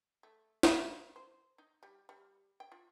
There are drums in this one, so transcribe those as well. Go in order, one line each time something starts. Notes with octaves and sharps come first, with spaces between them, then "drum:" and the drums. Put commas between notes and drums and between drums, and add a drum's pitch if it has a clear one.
A3
drum: snare
A#4
C5
D#4
G3
G3
G5
F4